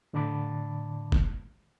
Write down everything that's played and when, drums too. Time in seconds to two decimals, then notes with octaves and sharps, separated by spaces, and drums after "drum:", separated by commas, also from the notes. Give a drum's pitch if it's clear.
0.13 A2 D3 D5 A5 B5 D6
1.12 drum: kick